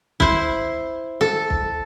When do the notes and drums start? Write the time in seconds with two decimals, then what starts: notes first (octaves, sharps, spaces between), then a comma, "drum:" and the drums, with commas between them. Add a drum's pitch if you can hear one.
0.20 E4 C5, drum: kick
1.21 A4
1.50 drum: kick